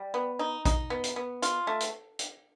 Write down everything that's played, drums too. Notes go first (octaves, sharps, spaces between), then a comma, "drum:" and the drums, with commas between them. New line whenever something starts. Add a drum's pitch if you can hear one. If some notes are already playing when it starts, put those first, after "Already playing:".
Already playing: G3
B3
D#4
D#4, drum: kick A#1, hi-hat
B3
drum: hi-hat
B3
F4, drum: hi-hat
A3
drum: hi-hat
drum: hi-hat